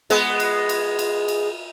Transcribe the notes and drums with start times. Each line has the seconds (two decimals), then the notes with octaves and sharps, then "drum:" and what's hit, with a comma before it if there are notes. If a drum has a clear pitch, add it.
0.10 G#3 B3, drum: cymbal
0.40 drum: cymbal
0.69 drum: cymbal
0.99 drum: cymbal
1.28 drum: cymbal